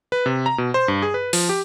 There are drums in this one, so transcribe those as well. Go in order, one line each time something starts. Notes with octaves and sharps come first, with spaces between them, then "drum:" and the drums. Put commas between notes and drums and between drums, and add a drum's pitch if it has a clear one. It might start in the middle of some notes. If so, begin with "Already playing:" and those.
B4
C3
A#5
B2
C5
G2
G#4
B4
F3, drum: open hi-hat
G4